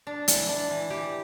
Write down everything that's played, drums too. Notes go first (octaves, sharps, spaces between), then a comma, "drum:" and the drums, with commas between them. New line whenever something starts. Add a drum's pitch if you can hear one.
D4
E3, drum: hi-hat
D4
E3
E3 G4